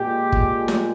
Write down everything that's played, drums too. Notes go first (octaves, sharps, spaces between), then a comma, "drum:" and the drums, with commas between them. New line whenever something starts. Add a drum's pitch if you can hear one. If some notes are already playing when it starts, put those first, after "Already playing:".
Already playing: A#2 G#3 G4
drum: kick
drum: snare